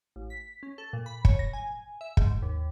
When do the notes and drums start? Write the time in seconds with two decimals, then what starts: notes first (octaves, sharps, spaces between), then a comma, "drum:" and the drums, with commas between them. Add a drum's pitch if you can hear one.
0.16 A1
0.30 B6
0.63 C#4
0.78 A4
0.93 A#2
1.06 B5
1.25 C#5, drum: kick
1.39 A#6
1.53 G#5
2.01 E5
2.17 G#2, drum: kick
2.42 D#2